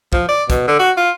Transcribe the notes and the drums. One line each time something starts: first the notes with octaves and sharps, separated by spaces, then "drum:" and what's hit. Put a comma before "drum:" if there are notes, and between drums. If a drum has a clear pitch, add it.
F3, drum: kick
D5
B2, drum: kick, hi-hat
D3
F#4
F4